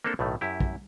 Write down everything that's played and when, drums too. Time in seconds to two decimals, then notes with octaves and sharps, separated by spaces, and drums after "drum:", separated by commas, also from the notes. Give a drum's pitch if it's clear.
0.04 A#3 C4 D4 A4 A#4
0.19 B1 A2 D#3 A3
0.41 F#2 E4 G4
0.60 drum: kick